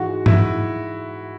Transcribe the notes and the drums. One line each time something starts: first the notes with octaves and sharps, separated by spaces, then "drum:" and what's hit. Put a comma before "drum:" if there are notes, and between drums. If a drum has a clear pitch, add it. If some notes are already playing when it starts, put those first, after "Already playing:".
Already playing: G#2 E3 F#4
E4, drum: tom G#2